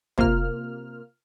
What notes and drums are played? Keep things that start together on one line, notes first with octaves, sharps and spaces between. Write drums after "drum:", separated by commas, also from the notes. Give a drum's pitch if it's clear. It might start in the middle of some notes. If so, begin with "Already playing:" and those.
C3 A#3 F4 F6, drum: kick